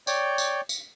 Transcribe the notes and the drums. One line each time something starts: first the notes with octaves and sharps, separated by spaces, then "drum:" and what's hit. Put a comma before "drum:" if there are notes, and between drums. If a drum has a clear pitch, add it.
C#5 D5 G5, drum: tambourine
drum: tambourine
drum: tambourine